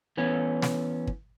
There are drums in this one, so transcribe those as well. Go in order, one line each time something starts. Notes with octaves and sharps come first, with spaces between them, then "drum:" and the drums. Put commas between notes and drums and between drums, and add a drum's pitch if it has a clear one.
E3 B3 C#4
drum: snare
drum: kick